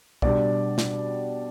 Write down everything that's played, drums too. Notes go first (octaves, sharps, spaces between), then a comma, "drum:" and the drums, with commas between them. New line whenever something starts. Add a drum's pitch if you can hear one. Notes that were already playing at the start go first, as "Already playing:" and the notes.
B2 G3 D4 D5, drum: kick B1
drum: snare